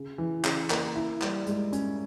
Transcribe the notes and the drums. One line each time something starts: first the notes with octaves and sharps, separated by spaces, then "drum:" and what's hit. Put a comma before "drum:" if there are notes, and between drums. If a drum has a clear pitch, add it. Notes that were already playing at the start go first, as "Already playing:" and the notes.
Already playing: C#3
E3
C#3, drum: clap
A#3, drum: clap
E4
G3, drum: clap
G#2, drum: hi-hat
C#4, drum: hi-hat